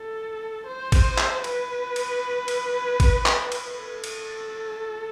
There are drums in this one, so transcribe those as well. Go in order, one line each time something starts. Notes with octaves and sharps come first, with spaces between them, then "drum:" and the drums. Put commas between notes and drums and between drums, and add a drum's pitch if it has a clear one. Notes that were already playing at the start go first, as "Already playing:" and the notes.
Already playing: A4
C5
drum: kick, cymbal
drum: clap
B4, drum: cymbal
drum: cymbal
drum: cymbal
drum: kick, cymbal
drum: clap
drum: cymbal
A4
drum: cymbal